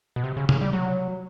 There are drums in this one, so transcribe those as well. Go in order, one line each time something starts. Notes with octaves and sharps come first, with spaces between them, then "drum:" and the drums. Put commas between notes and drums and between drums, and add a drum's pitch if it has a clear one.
B2
C3
C#3
C#3, drum: tom C3
G3
F#3